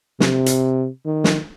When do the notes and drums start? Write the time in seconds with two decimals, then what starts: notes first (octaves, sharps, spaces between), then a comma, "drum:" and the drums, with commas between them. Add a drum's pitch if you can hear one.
0.20 C3, drum: snare
0.46 drum: hi-hat
1.05 D#3
1.24 drum: snare